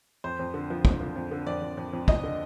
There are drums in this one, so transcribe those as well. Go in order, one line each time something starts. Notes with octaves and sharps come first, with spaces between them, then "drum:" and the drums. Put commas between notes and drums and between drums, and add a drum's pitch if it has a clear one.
F2 C5
F2
D3
F3
D3, drum: kick
F3
F2
D3
F2 D5
F2
F2
F2
F2 D#5, drum: kick
D3